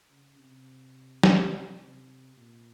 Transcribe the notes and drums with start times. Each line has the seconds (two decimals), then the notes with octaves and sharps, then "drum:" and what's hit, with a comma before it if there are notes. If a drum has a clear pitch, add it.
0.11 C#3
0.39 C3
1.23 B2, drum: snare
1.52 C3
1.81 C3
2.37 A#2